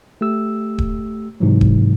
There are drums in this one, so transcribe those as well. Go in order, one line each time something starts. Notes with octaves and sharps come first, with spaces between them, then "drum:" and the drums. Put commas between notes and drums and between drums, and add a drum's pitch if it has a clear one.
A3 G4 E6
drum: kick D#1
G#2 C3 E3 F#3
drum: kick D#1